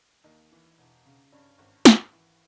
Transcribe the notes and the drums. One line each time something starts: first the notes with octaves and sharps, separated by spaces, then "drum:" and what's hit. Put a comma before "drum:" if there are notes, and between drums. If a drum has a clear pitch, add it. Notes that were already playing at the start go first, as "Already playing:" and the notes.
D#2 D#4
E3
E1
C#3
G2 C#4
G#1
G#1, drum: snare
E3